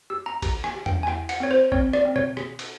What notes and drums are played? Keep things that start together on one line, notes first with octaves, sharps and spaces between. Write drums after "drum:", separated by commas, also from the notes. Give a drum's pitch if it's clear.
G4 E6
A#5
G4 A#5, drum: kick G#1, cymbal
G#5, drum: rim click
G4
G5, drum: tom E2
G#5
E4 G5, drum: rim click
F#5, drum: cymbal
C4 C#5
C5
C4 C#5, drum: kick G#1
D5, drum: rim click
C4
C#5, drum: tom B2
G#4, drum: rim click
drum: cymbal